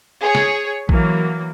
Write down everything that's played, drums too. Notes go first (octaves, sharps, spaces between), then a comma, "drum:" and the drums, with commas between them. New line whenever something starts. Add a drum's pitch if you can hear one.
G#4 C#5
drum: snare
E3 F#3 A#3, drum: kick A#1